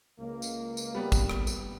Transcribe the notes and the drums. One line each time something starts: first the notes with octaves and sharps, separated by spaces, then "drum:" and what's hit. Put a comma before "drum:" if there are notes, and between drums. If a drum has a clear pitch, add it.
C#2 A#3
drum: tambourine
drum: tambourine
G3 B3
drum: kick A1, tambourine
drum: rim click
drum: tambourine